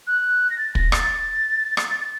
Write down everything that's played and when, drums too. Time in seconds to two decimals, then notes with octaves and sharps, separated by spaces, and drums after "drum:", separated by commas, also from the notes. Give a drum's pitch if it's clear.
0.07 F#6
0.50 A#6
0.58 A6
0.75 A#6, drum: kick
0.92 A6, drum: rim click
1.77 drum: rim click
2.01 A6